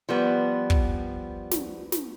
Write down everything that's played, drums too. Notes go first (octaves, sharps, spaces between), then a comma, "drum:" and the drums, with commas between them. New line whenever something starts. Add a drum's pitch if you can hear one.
F3 G3 B3
drum: kick
drum: snare
drum: snare